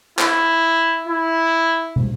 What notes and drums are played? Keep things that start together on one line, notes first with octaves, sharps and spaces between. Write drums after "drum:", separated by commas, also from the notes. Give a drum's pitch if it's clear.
E4, drum: clap
E4
drum: tom